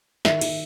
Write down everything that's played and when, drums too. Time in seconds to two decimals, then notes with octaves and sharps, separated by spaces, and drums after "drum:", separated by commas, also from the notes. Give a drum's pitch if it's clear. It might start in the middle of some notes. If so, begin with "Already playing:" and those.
0.25 D#3 E5, drum: snare
0.41 D#3, drum: cymbal